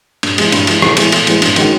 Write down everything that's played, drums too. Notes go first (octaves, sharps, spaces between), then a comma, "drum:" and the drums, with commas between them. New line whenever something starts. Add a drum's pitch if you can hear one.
G2, drum: cymbal
E3 G#3, drum: cymbal
G2, drum: cymbal
E3 G#3, drum: cymbal
A2, drum: rim click
E3 G#3 B3, drum: cymbal
A2, drum: cymbal
E3 G#3 B3, drum: cymbal
G2, drum: cymbal
D#3 G#3 C#4 F#4, drum: cymbal